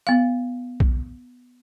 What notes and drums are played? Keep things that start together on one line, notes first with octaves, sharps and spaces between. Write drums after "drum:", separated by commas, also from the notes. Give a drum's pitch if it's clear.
B3 F5
drum: kick B1